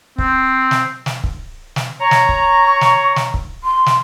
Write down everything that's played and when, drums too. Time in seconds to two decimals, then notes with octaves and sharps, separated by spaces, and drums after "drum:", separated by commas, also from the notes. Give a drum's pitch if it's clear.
0.18 C4, drum: kick
0.71 drum: snare
1.06 drum: snare
1.24 drum: kick
1.76 drum: snare
2.00 C#5 A#5 C#6
2.11 drum: snare
2.29 drum: kick
2.81 drum: snare
3.16 drum: snare
3.34 drum: kick
3.64 C6
3.86 drum: snare